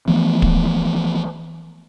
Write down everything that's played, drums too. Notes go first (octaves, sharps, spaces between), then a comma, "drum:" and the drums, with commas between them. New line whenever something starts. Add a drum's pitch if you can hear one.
E3 F3 A3 B3
drum: kick